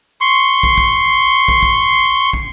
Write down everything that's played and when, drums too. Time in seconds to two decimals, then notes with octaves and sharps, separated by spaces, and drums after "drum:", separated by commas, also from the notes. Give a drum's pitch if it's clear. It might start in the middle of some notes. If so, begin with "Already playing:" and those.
0.21 C6 C#6
0.63 drum: kick
0.78 drum: kick
1.48 drum: kick
1.63 drum: kick
2.33 drum: kick